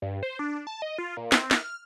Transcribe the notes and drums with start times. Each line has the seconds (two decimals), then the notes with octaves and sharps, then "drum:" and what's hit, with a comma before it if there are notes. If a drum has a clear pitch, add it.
0.02 G2
0.23 C5
0.39 D4
0.67 A5
0.82 D#5
0.98 F4
1.17 A#2
1.32 C4, drum: snare
1.51 F6, drum: snare